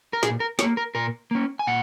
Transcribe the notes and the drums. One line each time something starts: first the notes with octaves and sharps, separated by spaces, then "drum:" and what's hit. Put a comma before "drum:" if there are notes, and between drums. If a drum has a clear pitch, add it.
A#4
A#2 G#4, drum: snare
A#4
C#4 C#5, drum: snare
A#3
A#4
A#2 A#4
A#3 C#4
G#5
A#2 F#5